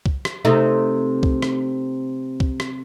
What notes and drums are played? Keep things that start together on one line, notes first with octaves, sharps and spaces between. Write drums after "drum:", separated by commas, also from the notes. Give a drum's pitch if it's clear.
drum: kick C2
drum: rim click
C3 A3 D#4
drum: kick C2
drum: rim click
drum: kick C2
drum: rim click